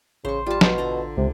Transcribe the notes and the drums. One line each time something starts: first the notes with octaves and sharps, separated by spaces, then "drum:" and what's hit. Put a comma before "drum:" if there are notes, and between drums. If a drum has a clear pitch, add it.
A1 C#3 C5 C#6
G3 F4 A5
B2 C5 C#6, drum: snare
D3 A4 A#5
C#2 C3